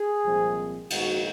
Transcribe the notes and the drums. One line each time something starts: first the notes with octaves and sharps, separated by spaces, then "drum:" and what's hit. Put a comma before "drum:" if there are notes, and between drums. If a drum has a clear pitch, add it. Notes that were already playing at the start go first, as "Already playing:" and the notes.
Already playing: G#4
C2 A#2 F3 G#3 C4
A#1 G#2 D#3 G#3 F#4, drum: cymbal